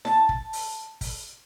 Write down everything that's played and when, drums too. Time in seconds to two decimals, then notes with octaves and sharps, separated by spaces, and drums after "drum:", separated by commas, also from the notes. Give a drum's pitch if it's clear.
0.05 A5, drum: snare D#4
0.29 drum: kick
0.53 drum: open hi-hat
1.01 drum: kick, open hi-hat